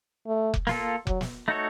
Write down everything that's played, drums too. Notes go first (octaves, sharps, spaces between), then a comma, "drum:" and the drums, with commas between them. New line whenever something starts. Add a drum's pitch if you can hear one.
A3
drum: kick F1
A#3 F4 A4, drum: snare
F#3, drum: kick F1
drum: snare
A3 D#4 F#4 A4 C#5